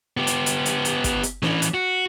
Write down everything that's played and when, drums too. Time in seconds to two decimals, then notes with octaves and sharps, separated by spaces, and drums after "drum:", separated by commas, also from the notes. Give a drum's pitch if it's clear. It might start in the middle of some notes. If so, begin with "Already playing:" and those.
0.17 B3 G4
0.27 drum: hi-hat
0.46 drum: hi-hat
0.66 drum: hi-hat
0.85 drum: hi-hat
1.04 drum: kick, hi-hat
1.23 drum: hi-hat
1.43 E3 C#4, drum: snare
1.62 drum: hi-hat
1.74 F#4